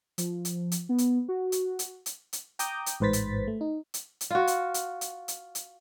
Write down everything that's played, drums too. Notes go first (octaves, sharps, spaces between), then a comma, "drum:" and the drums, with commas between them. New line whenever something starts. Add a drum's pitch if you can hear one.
F3, drum: hi-hat
drum: hi-hat
drum: hi-hat
B3
drum: hi-hat
F#4
drum: hi-hat
drum: hi-hat
drum: hi-hat
drum: hi-hat
G5 A#5 D6 D#6 G6, drum: hi-hat
drum: hi-hat
A1 G#2 B4 C5 A6 B6
drum: hi-hat
A3
D#4
drum: hi-hat
drum: hi-hat
F4 F#4
drum: hi-hat
drum: hi-hat
drum: hi-hat
drum: hi-hat
drum: hi-hat